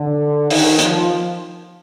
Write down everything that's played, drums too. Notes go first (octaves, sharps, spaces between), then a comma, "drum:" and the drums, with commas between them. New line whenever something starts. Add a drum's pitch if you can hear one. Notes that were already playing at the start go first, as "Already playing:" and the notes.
Already playing: D3
D#3, drum: open hi-hat
F3, drum: hi-hat